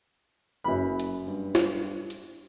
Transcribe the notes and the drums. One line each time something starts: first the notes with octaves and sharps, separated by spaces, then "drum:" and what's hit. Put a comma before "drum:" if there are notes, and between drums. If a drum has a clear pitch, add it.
F#1 F#2 B5
drum: hi-hat
G2
drum: snare
drum: hi-hat